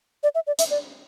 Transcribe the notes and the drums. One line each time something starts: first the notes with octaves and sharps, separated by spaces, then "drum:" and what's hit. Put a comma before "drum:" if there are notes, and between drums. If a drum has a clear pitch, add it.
D5
E5
D5
E5, drum: hi-hat
D5